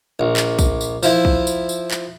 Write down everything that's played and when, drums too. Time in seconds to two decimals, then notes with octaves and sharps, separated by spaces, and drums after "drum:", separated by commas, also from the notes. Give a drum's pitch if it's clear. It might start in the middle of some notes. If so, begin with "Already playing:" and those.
0.20 A#1
0.36 drum: clap
0.59 drum: kick, tambourine
0.81 drum: tambourine
1.03 F3 E4, drum: tambourine
1.25 drum: kick
1.47 drum: tambourine
1.69 drum: tambourine
1.91 drum: clap